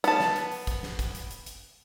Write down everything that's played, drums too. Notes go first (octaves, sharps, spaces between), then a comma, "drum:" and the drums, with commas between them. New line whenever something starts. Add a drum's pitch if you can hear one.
B3 A5, drum: hi-hat
drum: snare
drum: hi-hat
drum: open hi-hat
drum: kick, hi-hat
drum: snare
drum: kick, hi-hat
drum: hi-hat
drum: hi-hat
drum: hi-hat